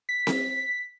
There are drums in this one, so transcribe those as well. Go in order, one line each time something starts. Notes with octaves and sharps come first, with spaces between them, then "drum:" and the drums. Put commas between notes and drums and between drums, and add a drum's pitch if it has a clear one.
B6
drum: snare C4